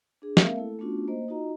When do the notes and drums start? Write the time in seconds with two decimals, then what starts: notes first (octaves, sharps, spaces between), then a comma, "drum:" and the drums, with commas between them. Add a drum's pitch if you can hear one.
0.22 D4 G#4
0.37 G#3 A#3 C4 A#4 E5 F5, drum: snare
0.57 A3 E4 A4
0.79 A3 B3 C#4 D4 F4 F#4
1.08 A#3 C5 D#5
1.28 D#4 F4 F#4 D#5 A#5